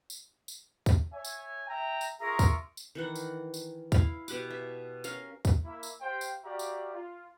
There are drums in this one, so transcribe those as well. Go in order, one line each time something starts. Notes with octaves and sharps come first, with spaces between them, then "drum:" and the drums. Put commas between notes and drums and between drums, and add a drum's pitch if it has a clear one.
drum: tambourine
drum: tambourine
drum: kick, tambourine
C#5 E5 G#5
drum: tambourine
E5 G5 A#5
drum: tambourine
F4 G#4 A#4 E5 A#5 C#6
drum: kick, tambourine
drum: tambourine
D#3 E3 F#5
drum: tambourine
drum: tambourine
E4 F5, drum: kick, tambourine
B2 G4 F#5 D6, drum: tambourine
E5
C#4 A#4 F5, drum: tambourine
drum: kick, tambourine
A#3 E4 E5
drum: tambourine
G4 C5 F5 G5
drum: tambourine
F#4 G4 D5 E5 F5 A#5
drum: tambourine
F4